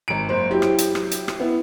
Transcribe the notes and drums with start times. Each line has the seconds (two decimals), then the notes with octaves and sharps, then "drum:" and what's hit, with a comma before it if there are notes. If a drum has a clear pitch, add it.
0.08 G#1 D7
0.29 F#1 C5
0.51 F#3 E4 G4
0.62 drum: rim click
0.78 drum: hi-hat
0.95 drum: rim click
1.11 drum: hi-hat
1.28 drum: rim click
1.40 B3 E4